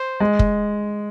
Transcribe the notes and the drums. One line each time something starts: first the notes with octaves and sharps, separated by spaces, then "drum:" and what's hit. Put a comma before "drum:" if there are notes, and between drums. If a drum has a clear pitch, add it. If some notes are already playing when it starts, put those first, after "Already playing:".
Already playing: C5
G#3
drum: kick